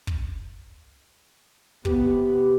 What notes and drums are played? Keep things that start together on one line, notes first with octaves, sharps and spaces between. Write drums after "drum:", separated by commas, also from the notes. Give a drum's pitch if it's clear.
drum: kick
C3 B3 G4, drum: kick